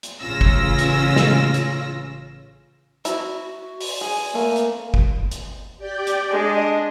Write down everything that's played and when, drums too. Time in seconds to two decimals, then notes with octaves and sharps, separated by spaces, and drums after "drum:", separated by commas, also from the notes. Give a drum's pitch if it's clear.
0.03 drum: hi-hat
0.21 A1 C#3 C#4 F4 E6 A#6
0.41 drum: kick G1
0.79 drum: hi-hat
1.16 drum: snare
1.54 drum: hi-hat
3.05 E4 F#4, drum: hi-hat
3.81 drum: open hi-hat
4.01 G#4 G#5
4.35 A3 A#3
4.56 drum: hi-hat
4.94 drum: kick G1
5.31 drum: hi-hat
5.78 G4 D5 G5
6.07 drum: hi-hat
6.29 G#3 D4 D#5